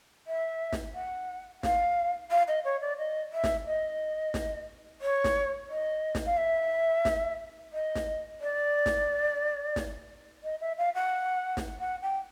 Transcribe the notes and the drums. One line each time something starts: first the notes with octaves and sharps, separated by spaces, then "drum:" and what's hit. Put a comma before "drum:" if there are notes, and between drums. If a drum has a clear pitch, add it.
E5
drum: snare
F#5
F5, drum: snare
F5
D#5
C#5
D5
D#5
E5
drum: snare
D#5
drum: snare
C#5
drum: snare
D#5
drum: snare
F5
E5
drum: snare
D#5
drum: snare
D5
drum: snare
drum: snare
D#5
E5
F5
F#5
drum: snare
F#5
G5